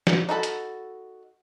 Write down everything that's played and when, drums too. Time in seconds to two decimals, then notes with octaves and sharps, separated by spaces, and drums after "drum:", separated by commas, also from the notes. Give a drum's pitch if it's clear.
0.07 D4, drum: snare
0.29 D#4 F#4 A4 B5
0.43 drum: hi-hat